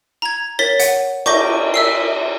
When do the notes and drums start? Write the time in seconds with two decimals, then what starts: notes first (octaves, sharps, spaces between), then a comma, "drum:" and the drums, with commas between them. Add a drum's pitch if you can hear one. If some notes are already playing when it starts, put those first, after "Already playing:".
0.22 A#5 G#6
0.59 A#4 C#5 A6 B6 G7
0.79 F#5, drum: hi-hat
1.26 C#6 D6 G6 A#6 G7, drum: cymbal
1.74 E5 E6 C7